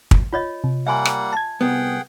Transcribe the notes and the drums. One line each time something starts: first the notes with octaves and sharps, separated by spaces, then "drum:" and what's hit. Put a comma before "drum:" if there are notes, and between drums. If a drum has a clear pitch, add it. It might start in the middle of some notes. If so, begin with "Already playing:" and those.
drum: kick
F4 C#5 D#5
C3
G3 A#3 E5 F#5 G#5 C6
drum: rim click
A5 G#6
C2 B3 G#4 F#5 G5